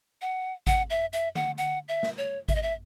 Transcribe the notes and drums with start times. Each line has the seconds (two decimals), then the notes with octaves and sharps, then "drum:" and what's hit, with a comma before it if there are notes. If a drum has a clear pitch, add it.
0.22 F#5
0.67 F#5, drum: kick G#1, hi-hat
0.90 E5
1.13 E5, drum: hi-hat
1.35 F#5, drum: tom D3
1.58 F#5, drum: hi-hat
1.88 E5
2.03 drum: snare
2.18 C#5
2.49 E5, drum: kick G#1, hi-hat
2.55 D#5
2.62 E5